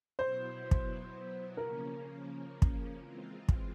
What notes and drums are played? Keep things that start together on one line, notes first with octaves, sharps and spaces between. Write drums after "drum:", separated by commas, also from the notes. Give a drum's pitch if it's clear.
B2 F#3 B3 E4 C5
drum: kick
C#3 F3 A#3 C#4 A#4
drum: kick
E3 G#3 C4 F4
drum: kick